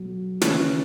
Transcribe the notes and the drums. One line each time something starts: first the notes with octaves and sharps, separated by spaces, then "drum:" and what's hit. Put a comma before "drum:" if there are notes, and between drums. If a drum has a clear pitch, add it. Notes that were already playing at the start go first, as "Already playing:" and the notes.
Already playing: B1 F#3
D#2 C#3 E3, drum: snare